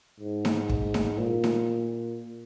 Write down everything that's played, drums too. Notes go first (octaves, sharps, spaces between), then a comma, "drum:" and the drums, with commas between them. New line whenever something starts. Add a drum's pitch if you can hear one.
G#2
drum: snare D#4
drum: kick
drum: snare D#4
A#2
drum: snare D#4